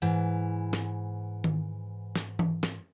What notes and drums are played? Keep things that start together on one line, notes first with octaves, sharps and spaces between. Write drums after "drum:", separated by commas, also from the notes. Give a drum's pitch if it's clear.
G#2 E3
drum: snare
drum: tom D#3
drum: snare
drum: tom E3
drum: snare